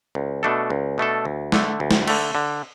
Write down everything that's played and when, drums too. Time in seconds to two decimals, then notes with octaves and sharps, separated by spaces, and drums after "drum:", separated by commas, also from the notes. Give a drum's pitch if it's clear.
0.15 C#2
0.43 B2 A3 D4 A4
0.70 C#2
0.98 B2 A3 D4 A4
1.25 D2
1.52 D3 A3, drum: snare
1.80 D2
1.91 drum: snare
2.08 D3 A3, drum: cymbal
2.35 D3